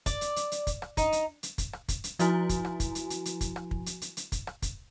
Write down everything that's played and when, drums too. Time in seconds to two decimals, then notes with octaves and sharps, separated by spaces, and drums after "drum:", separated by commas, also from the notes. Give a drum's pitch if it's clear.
0.06 D5, drum: kick, hi-hat
0.21 drum: hi-hat
0.36 drum: hi-hat
0.52 drum: hi-hat
0.67 drum: kick, hi-hat
0.82 drum: rim click
0.97 D#4, drum: kick, hi-hat
1.12 drum: hi-hat
1.43 drum: hi-hat
1.58 drum: kick, hi-hat
1.73 drum: rim click
1.89 drum: kick, hi-hat
2.04 drum: hi-hat
2.19 F3 E4 F#4 G#5, drum: hi-hat
2.49 drum: kick, hi-hat
2.65 drum: rim click
2.80 drum: kick, hi-hat
2.95 drum: hi-hat
3.10 drum: hi-hat
3.25 drum: hi-hat
3.41 drum: kick, hi-hat
3.56 drum: rim click
3.71 drum: kick
3.86 drum: hi-hat
4.02 drum: hi-hat
4.17 drum: hi-hat
4.32 drum: kick, hi-hat
4.47 drum: rim click
4.62 drum: kick, hi-hat